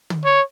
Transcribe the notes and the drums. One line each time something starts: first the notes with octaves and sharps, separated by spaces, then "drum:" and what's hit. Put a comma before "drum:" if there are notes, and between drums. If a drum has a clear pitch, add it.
drum: tom
C#5